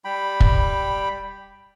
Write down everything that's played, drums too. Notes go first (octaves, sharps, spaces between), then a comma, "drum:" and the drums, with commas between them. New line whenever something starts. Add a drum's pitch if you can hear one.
G3 G5 B5
drum: kick